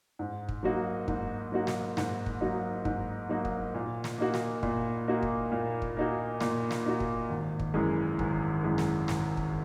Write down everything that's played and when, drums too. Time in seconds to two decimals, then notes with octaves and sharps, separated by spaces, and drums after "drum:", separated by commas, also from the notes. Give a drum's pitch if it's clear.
0.19 G#2
0.49 drum: kick
0.63 F#3 A#3 D#4 F#4
1.08 G#2, drum: kick
1.52 F#3 A#3 D#4 F#4
1.67 drum: snare
1.97 G#2, drum: snare
2.26 drum: kick
2.41 F#3 A#3 D#4 F#4
2.85 G#2, drum: kick
3.29 F#3 A#3 D#4 F#4
3.45 drum: kick
3.74 A#2
4.04 drum: snare
4.18 A#3 D#4 F#4
4.34 drum: snare
4.63 A#2, drum: kick
5.08 A#3 D#4 F#4
5.23 drum: kick
5.52 A#2
5.82 drum: kick
5.97 A#3 D#4 F#4
6.40 A#2, drum: snare
6.71 drum: snare
6.86 A#3 D#4 F#4
7.00 drum: kick
7.30 G#1
7.60 drum: kick
7.74 F#2 E3 G#3
8.19 G#1, drum: kick
8.63 F#2 E3 G#3
8.78 drum: snare
9.08 G#1, drum: snare
9.37 drum: kick